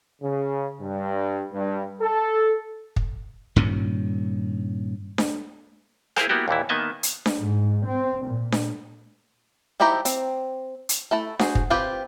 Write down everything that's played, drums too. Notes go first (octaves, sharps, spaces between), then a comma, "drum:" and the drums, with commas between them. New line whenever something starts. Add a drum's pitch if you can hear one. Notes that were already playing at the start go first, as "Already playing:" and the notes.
C#3
G2
G2
A4
drum: kick
G2 A#2 D#3 C#4
drum: snare D4
E4 G#4 A#4 C5 F5, drum: rim click
A#3 B3 E4 F#4 G4
D#2 A#2 E3 E4
D#3 A#3 B3 D#5 E5 A5
drum: hi-hat
drum: snare D4
G#2
C4
A#2
drum: snare D4
F3 D#4 E4 G4 A#5
C4, drum: hi-hat
drum: hi-hat
A3 E4 A5
F#4 G#4 C5, drum: snare D4
drum: kick
C4 F4 G4 B4